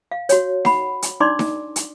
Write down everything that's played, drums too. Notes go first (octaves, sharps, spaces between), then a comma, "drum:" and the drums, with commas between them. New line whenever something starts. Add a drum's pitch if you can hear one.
F5
F#4 C#5, drum: hi-hat
F#5 B5, drum: snare D#4
drum: hi-hat
D4 D#4 D5 C6 D6
drum: snare D#4
drum: hi-hat